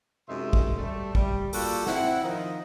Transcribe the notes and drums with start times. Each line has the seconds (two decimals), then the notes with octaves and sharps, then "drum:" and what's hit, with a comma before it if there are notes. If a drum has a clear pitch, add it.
0.28 F#2 C3 G#3 D#4 E5 C6
0.53 drum: kick
0.78 G3 A3
1.15 G3, drum: kick
1.53 G3 A#3 F4 F#4 A4, drum: open hi-hat
1.87 C4 E4 F#5, drum: snare
2.23 D#3 F3 D#4